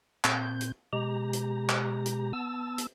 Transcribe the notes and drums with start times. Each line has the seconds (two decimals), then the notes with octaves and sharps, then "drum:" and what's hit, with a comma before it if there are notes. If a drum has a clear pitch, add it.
0.24 A#2 C4 G6, drum: clap
0.61 drum: hi-hat
0.93 B2 G#3 G4 A#5
1.33 drum: hi-hat
1.69 drum: clap
2.06 drum: hi-hat
2.33 B3 A5 E6
2.78 drum: hi-hat